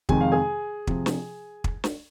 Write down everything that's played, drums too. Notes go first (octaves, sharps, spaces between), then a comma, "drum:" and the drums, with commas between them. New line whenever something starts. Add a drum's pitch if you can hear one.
F2 C3 D#3 G#3 G#5, drum: kick
F5
G#4 G#5
C3 F3, drum: kick
drum: snare
drum: kick
drum: snare